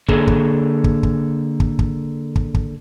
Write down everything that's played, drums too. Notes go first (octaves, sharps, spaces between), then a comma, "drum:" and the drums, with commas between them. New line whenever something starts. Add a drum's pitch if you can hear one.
D3 A#3 G#4, drum: kick
drum: kick
drum: kick
drum: kick
drum: kick
drum: kick
drum: kick
drum: kick